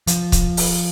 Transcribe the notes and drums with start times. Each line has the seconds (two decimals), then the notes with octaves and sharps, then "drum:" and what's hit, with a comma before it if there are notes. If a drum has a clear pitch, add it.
0.07 F3, drum: hi-hat
0.32 drum: kick C#1, hi-hat
0.57 drum: open hi-hat